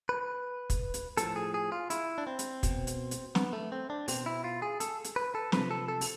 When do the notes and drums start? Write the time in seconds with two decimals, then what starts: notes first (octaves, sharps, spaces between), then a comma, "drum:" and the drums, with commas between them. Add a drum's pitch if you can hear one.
0.09 B4
0.70 drum: kick, hi-hat
0.94 drum: hi-hat
1.17 A2 F3 A4, drum: hi-hat
1.36 G#4
1.54 G#4
1.72 F4
1.90 E4, drum: hi-hat
2.18 D4
2.27 C4
2.39 drum: hi-hat
2.63 B2, drum: kick, hi-hat
2.87 drum: hi-hat
3.11 drum: hi-hat
3.35 B3, drum: snare
3.53 A3
3.72 C4
3.90 D4
4.08 B2 C4, drum: open hi-hat
4.26 E4
4.44 F4
4.62 G#4
4.80 A4, drum: hi-hat
5.04 drum: hi-hat
5.16 B4
5.35 A4
5.52 C3 F3 B4, drum: snare
5.71 A4
5.88 A4
6.01 drum: open hi-hat